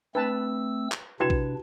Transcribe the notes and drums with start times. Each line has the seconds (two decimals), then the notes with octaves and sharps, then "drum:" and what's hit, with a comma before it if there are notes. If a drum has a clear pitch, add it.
0.15 A3 C4 D4 B4 A5 E6
0.92 drum: clap
1.20 C3 D4 E4 F#4 B4 G5 G#6 E7
1.30 drum: kick A#1